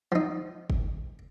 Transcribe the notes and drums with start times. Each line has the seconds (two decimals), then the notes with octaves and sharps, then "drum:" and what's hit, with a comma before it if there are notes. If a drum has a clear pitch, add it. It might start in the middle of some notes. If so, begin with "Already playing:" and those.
0.12 F3 D#4
0.70 drum: kick